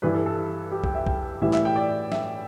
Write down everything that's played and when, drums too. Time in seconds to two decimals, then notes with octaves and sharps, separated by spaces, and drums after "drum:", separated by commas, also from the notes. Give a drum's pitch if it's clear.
0.02 G2 E3 G3 E4 B4
0.14 A4
0.26 A4
0.72 G4
0.84 G5, drum: kick
0.95 E5
1.07 G5, drum: kick
1.41 A2 E3 G3 E4 E5
1.53 E5, drum: clap
1.65 G5
1.76 D5
2.12 E5, drum: snare